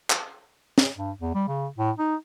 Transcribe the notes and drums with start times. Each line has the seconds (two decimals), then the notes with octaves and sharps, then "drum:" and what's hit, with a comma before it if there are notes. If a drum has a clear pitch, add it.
0.10 drum: clap
0.78 drum: snare
0.97 G2
1.21 E2
1.35 G3
1.48 C#3
1.78 A2
1.99 D#4